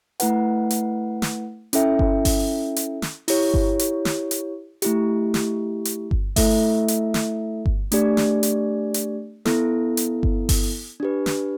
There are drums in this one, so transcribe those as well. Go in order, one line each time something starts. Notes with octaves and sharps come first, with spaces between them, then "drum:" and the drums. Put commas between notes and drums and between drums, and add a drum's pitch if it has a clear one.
A3 E4 B4 F#5, drum: hi-hat
drum: hi-hat
drum: snare
C#4 E4 A4 E5 G5, drum: hi-hat
drum: kick G1
drum: kick G1, open hi-hat
drum: hi-hat
drum: snare
E4 G4 C#5, drum: open hi-hat
drum: kick G1
drum: hi-hat
drum: snare
drum: hi-hat
A3 E4 G4, drum: hi-hat
drum: snare
drum: hi-hat
drum: kick G1
A3 E4 A4 E5, drum: kick G1, open hi-hat
drum: hi-hat
drum: snare
drum: kick G1
A3 D4 G4 D5, drum: hi-hat
drum: snare
drum: hi-hat
drum: hi-hat
B3 E4 A4, drum: snare
drum: hi-hat
drum: kick G1
drum: kick G1, open hi-hat
D4 G4 B4
drum: snare